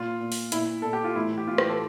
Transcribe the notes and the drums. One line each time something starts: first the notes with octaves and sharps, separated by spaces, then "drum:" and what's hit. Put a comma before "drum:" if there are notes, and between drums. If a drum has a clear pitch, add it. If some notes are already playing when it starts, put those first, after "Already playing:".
Already playing: A#2 F4
A#2
drum: open hi-hat
A#2 E4, drum: hi-hat
A#2 A4
G4
F4
A2 E3 E4
G4
A2 E3 F4
G4, drum: rim click
A4